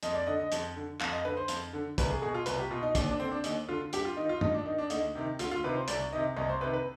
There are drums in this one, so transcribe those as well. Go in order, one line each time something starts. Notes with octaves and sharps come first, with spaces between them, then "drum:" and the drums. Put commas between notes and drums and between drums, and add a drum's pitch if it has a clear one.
F2 D#5, drum: hi-hat
D5
D3 D#5
D#5
F2, drum: hi-hat
D3
F2 F5, drum: clap
D#5
D3 B4
C5
F2, drum: hi-hat
D3
C2 B4, drum: kick, hi-hat
G#4
B2 G#4
F4
C2 B4, drum: hi-hat
G4
B2 F4
D#4
D#2 D4, drum: kick, hi-hat
D4
D3 C4
D4
D#2 D#4, drum: hi-hat
D3 F4
G2 G4, drum: hi-hat
F4
D#3 D#4
F4
G2 D#4, drum: tom
D4
D#3 D#4
D4
D2 D#4, drum: hi-hat
C3 D#3
D2 F4, drum: hi-hat
F4
C3 D#3 B4
C5
C2 D5, drum: hi-hat
C3 D#3 D#5
C2 D#5
C5
C3 D#3 B4
B4